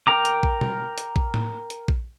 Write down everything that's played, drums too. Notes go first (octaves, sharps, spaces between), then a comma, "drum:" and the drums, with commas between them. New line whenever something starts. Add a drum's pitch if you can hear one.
A#4 G5 A#5 D6
drum: hi-hat
drum: kick A#1
drum: tom
drum: hi-hat
drum: kick A#1
drum: tom A2
drum: hi-hat
drum: kick A#1